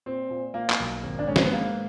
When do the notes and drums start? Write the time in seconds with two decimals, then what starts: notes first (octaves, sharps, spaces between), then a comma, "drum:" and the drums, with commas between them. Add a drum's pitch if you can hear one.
0.06 A#2 C4
0.30 A#2
0.54 A#2 A#3
0.70 drum: clap
0.80 B1
1.03 G#1
1.19 D4
1.27 G#2 C#4
1.36 C4, drum: snare
1.44 B3
1.53 G#2 A#3